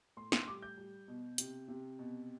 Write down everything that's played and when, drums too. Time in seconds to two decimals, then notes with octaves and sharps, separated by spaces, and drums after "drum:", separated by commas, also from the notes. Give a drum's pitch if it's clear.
0.17 A2 C6
0.32 C6, drum: snare
0.47 G3 D6
0.62 G6
0.77 G3
1.08 B2
1.38 C3, drum: hi-hat
1.68 C3
1.99 B2